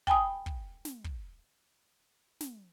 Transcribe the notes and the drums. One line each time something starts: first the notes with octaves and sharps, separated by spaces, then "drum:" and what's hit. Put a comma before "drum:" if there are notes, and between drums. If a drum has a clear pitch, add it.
G5 G#5 B5 D#6, drum: kick
drum: kick
drum: snare
drum: kick
drum: snare